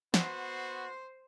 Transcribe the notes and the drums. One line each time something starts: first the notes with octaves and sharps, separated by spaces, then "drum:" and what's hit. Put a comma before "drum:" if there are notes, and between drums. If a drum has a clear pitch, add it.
B3 F#4 C5 C6, drum: snare